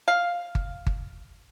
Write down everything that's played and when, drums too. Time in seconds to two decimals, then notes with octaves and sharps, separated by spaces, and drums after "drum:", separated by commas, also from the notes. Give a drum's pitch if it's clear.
0.08 F5
0.55 drum: kick G1
0.87 drum: kick G1